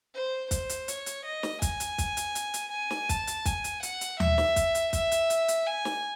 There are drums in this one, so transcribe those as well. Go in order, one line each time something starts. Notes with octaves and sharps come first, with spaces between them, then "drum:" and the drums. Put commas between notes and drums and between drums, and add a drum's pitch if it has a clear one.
C5
C5, drum: kick, hi-hat
drum: hi-hat
C#5, drum: hi-hat
drum: hi-hat
D#5
drum: snare
G#5, drum: kick, hi-hat
drum: hi-hat
drum: kick, hi-hat
drum: hi-hat
drum: hi-hat
drum: hi-hat
G#5
drum: snare
A5, drum: kick, hi-hat
drum: hi-hat
G#5, drum: kick, hi-hat
drum: hi-hat
F#5, drum: hi-hat
drum: hi-hat
E5, drum: tom D#2
drum: snare
drum: kick, hi-hat
drum: hi-hat
E5, drum: kick, hi-hat
drum: hi-hat
drum: hi-hat
drum: hi-hat
G#5
drum: snare